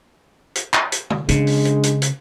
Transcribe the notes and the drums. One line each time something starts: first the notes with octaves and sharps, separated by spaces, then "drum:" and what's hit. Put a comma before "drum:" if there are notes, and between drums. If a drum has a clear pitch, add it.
drum: hi-hat
drum: clap
drum: hi-hat
drum: tom
C#3 G#3 D4, drum: hi-hat
drum: open hi-hat
drum: hi-hat
drum: hi-hat
drum: hi-hat